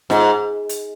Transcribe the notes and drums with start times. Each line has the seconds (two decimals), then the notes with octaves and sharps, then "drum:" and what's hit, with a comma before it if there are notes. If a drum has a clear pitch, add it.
0.10 G#2, drum: snare F4
0.69 drum: hi-hat